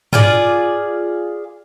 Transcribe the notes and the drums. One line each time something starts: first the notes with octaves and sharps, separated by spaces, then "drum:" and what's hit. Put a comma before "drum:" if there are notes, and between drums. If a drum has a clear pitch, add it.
F4 G#4 D5, drum: tom G2